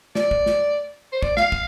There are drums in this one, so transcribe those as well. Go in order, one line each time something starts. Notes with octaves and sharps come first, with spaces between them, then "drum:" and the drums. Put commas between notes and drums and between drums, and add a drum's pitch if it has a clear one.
D5, drum: snare
drum: kick
drum: snare
C5
D5, drum: kick
F5, drum: snare
drum: kick